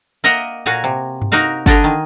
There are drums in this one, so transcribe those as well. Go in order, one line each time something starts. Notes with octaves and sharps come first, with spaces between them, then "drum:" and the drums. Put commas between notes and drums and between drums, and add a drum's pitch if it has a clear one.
A#3 A#4 D#5 E5 F#5 A#5
A#2 F#4 F5 G#5 A#5
C3
drum: tom G2
D#4 F#4 A#4 F5
D3 D4 D#5 G#5 A#5, drum: kick G1
D#3